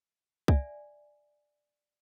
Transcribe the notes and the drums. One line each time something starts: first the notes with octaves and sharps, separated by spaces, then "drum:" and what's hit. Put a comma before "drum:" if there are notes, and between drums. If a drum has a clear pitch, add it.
D5 E5 G#5, drum: kick C2